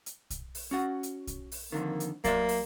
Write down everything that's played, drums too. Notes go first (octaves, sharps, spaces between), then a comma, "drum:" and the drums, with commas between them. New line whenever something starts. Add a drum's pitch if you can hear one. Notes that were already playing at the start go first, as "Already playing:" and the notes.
drum: hi-hat
drum: kick, hi-hat
drum: open hi-hat
C#4 F#4 F#5
drum: hi-hat
drum: kick, hi-hat
drum: open hi-hat
F2 D3 D#3 A#3
drum: hi-hat
F#3 A#3 D5 E5, drum: kick, hi-hat
drum: open hi-hat